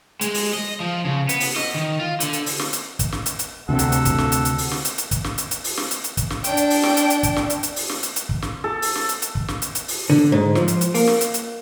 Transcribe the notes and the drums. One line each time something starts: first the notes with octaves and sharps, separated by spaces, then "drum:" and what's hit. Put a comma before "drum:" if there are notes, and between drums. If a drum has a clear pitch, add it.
G#3, drum: hi-hat
drum: open hi-hat
D#5
F3
C#3
B3, drum: hi-hat
drum: open hi-hat
D#5, drum: snare
D#3
F4
D3, drum: hi-hat
drum: hi-hat
drum: open hi-hat
drum: snare
drum: hi-hat
drum: kick, hi-hat
drum: snare
drum: hi-hat
drum: hi-hat
D2 C3 A4 F#5
drum: hi-hat
drum: hi-hat
drum: kick, hi-hat
drum: snare
drum: hi-hat
drum: hi-hat
drum: open hi-hat
drum: snare
drum: hi-hat
drum: hi-hat
drum: kick, hi-hat
drum: snare
drum: hi-hat
drum: hi-hat
drum: open hi-hat
drum: snare
drum: hi-hat
drum: hi-hat
drum: kick, hi-hat
drum: snare
D4 G5, drum: hi-hat
drum: hi-hat
drum: open hi-hat
drum: snare
drum: hi-hat
drum: hi-hat
drum: kick, hi-hat
drum: snare
drum: hi-hat
drum: hi-hat
drum: open hi-hat
drum: snare
drum: hi-hat
drum: hi-hat
drum: kick
drum: snare
A4
drum: open hi-hat
drum: snare
drum: hi-hat
drum: hi-hat
drum: kick
drum: snare
drum: hi-hat
drum: hi-hat
drum: open hi-hat
D3
G#2
F3, drum: snare
drum: hi-hat
drum: hi-hat
A#3, drum: open hi-hat
drum: snare
drum: hi-hat
drum: hi-hat